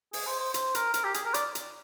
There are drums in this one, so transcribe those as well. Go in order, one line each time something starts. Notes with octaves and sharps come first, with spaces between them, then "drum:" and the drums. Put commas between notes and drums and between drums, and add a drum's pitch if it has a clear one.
G#4, drum: open hi-hat
C5
C5
C5, drum: hi-hat
A#4, drum: hi-hat
A#4, drum: hi-hat
G4
G#4, drum: hi-hat
A#4
D5, drum: hi-hat
drum: hi-hat